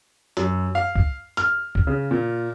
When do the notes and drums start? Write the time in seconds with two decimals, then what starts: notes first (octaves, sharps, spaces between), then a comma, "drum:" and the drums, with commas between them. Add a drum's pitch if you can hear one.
0.37 F#2, drum: hi-hat
0.75 F5
0.96 drum: kick
1.37 F6, drum: hi-hat
1.75 drum: kick
1.87 C#3
2.11 A#2